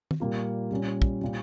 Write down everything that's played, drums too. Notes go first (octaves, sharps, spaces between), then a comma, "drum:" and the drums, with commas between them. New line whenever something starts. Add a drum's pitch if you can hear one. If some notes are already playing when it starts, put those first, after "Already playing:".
drum: tom
A#2 G3 A#3 F4
A#2 G3 C#4
drum: kick
A#2 G3